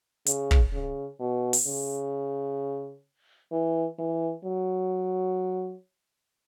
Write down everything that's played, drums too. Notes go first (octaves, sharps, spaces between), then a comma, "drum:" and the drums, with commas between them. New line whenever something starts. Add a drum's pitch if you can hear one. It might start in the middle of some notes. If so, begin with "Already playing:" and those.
C#3, drum: hi-hat
drum: kick
C#3
B2
drum: open hi-hat
C#3
E3
E3
F#3